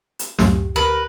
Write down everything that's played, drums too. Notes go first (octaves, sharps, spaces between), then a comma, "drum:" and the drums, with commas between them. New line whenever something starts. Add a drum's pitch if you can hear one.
drum: hi-hat
C#2 F#2 A2 G4, drum: snare
D2 G4 A#4 B4